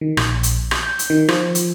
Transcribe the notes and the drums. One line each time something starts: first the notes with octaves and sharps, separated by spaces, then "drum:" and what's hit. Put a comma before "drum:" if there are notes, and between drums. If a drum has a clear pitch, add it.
D#3
A#1, drum: rim click
drum: hi-hat
drum: rim click
G6
drum: hi-hat
D#3
F3, drum: rim click
drum: hi-hat